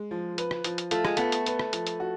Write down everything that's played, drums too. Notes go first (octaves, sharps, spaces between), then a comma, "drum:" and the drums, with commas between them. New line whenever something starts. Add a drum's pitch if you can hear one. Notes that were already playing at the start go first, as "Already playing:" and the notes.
Already playing: G#3
F3
B4, drum: hi-hat
drum: rim click
F3, drum: hi-hat
drum: hi-hat
A3 F4, drum: hi-hat
G#3, drum: rim click
A3 B3, drum: hi-hat
drum: hi-hat
B4, drum: hi-hat
drum: rim click
F3, drum: hi-hat
drum: hi-hat
F#4